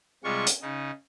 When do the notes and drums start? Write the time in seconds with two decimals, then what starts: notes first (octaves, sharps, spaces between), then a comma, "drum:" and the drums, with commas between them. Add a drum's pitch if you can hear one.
0.24 C3 G3 G#3 F4 C#6
0.47 drum: hi-hat
0.62 C#3 D#4